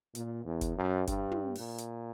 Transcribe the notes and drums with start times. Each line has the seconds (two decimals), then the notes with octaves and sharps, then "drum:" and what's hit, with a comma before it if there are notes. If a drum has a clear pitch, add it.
0.15 A#2, drum: hi-hat
0.45 E2
0.61 drum: kick F#1, hi-hat
0.77 F#2
1.07 G2, drum: kick F#1, hi-hat
1.31 drum: tom
1.55 A#2, drum: open hi-hat
1.78 drum: hi-hat